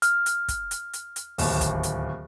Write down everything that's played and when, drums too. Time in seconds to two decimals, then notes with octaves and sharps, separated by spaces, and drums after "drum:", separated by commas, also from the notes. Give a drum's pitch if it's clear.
0.02 F6, drum: hi-hat
0.26 drum: hi-hat
0.48 drum: kick, hi-hat
0.71 drum: hi-hat
0.93 drum: hi-hat
1.16 drum: hi-hat
1.38 D1 D#2, drum: open hi-hat
1.61 drum: kick, hi-hat
1.83 drum: hi-hat